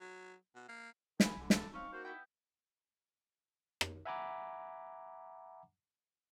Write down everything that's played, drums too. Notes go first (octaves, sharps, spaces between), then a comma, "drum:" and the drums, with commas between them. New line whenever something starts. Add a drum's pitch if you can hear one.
F#3
B2
A#3
D#3 F#3 G#5 B5, drum: snare
C2 D3
A4, drum: snare
C4 C#4 D#4 F5 C#6
A#3 F#4 C5
B3 E4 G4 G5
drum: rim click
E5 F#5 G#5 A#5 B5 D6